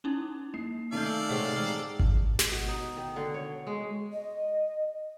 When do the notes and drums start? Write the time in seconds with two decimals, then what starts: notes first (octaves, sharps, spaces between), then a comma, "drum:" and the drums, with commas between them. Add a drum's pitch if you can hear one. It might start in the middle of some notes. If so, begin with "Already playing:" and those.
0.04 C#4 D#4 E4
0.54 A#3 C7
0.92 D#3 A3 A4 D5 D#5 F5 A5 G6
1.05 G#5 E6
1.29 A2 C3 G#3 F#5
1.56 G#3 G#4 G5 A#5
1.99 drum: kick G#1
2.39 drum: snare
2.52 B2
2.69 D#4
2.96 D#3
3.16 D3
3.34 C#5
3.67 G#3
4.12 D#5